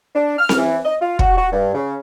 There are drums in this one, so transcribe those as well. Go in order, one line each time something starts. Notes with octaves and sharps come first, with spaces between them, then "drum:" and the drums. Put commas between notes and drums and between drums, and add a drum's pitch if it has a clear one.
D4
F6
drum: snare C4
E3
D#5
F4
F#4, drum: kick
F#4
G2
C#3